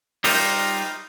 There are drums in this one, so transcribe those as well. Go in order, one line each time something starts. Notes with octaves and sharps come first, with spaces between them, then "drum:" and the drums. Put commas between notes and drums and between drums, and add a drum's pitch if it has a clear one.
G3 D#4 F4, drum: open hi-hat